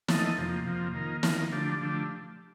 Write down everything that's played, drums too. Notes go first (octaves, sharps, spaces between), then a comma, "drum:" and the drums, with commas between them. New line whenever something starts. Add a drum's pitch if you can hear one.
F3 A3 D#4 A4 D#5, drum: snare
F2 C3 F3 A#3
F2 C3 F3 A#3
D#3 A#3 F4 A#4
D#3 A#3 F4 A#4, drum: snare
D3 F3 A3 D4 G4
D3 F3 A3 D4 G4